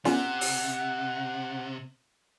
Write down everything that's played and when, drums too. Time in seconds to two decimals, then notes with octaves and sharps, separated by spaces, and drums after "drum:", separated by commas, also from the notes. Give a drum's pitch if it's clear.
0.05 C3 C#4 F4 D5 F#5, drum: snare
0.41 drum: open hi-hat